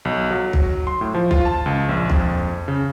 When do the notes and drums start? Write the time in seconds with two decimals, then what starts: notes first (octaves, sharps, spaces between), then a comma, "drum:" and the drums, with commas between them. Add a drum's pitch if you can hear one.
0.05 B1
0.31 F#3
0.53 drum: kick
0.87 C6
1.01 A2
1.14 F3
1.31 F4, drum: kick
1.45 A5
1.66 C#2
1.89 A#1
2.10 F2, drum: kick
2.68 C#3